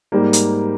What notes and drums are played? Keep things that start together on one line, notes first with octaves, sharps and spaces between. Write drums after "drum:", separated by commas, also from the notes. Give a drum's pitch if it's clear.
G#2 G3 A#3
drum: hi-hat